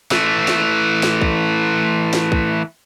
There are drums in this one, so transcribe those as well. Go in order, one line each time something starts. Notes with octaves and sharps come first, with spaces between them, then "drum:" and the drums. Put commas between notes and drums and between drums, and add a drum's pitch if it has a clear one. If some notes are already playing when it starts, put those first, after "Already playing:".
E3 A3, drum: snare
drum: snare
drum: snare
drum: kick B1
drum: snare
drum: kick B1